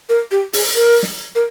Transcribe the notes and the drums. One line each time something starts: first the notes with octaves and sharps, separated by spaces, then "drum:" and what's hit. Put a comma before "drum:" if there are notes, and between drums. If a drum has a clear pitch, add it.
A#4
G4
G#4, drum: open hi-hat
A#4
drum: snare
A#4